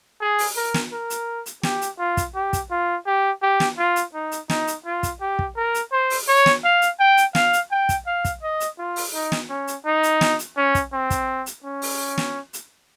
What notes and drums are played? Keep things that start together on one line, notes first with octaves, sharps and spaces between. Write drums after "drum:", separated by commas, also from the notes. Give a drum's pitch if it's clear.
G#4
drum: open hi-hat
A#4
drum: snare
A#4
drum: hi-hat
drum: hi-hat
G4, drum: snare
drum: hi-hat
F4
drum: kick, hi-hat
G4
drum: kick, hi-hat
F4
G4
G4
drum: snare
F4
drum: hi-hat
D#4
drum: hi-hat
D#4, drum: snare
drum: hi-hat
F4
drum: kick, hi-hat
G4
drum: kick
A#4
drum: hi-hat
C5
drum: open hi-hat
C#5
drum: snare
F5
drum: hi-hat
G5
drum: hi-hat
F5, drum: snare
drum: hi-hat
G5
drum: kick, hi-hat
F5
drum: kick, hi-hat
D#5
drum: hi-hat
F4
drum: open hi-hat
D#4
drum: snare
C#4
drum: hi-hat
D#4
drum: hi-hat
drum: snare
drum: hi-hat
C#4
drum: kick, hi-hat
C4
drum: kick, hi-hat
drum: hi-hat
C#4
drum: open hi-hat
drum: snare
drum: hi-hat